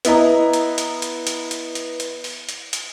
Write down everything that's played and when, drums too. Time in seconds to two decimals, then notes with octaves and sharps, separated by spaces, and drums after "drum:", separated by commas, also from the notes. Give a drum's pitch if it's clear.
0.05 B3 E4 D#5 A#5, drum: hi-hat
0.53 drum: hi-hat
0.78 drum: hi-hat
1.02 drum: hi-hat
1.27 drum: hi-hat
1.51 drum: hi-hat
1.75 drum: hi-hat
2.00 drum: hi-hat
2.24 drum: open hi-hat
2.49 drum: hi-hat
2.73 drum: hi-hat